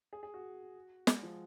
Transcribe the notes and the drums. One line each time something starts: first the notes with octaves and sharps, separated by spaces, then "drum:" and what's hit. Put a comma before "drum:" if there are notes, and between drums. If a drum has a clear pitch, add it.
G#4
G#4
F#4
G#3, drum: snare
F3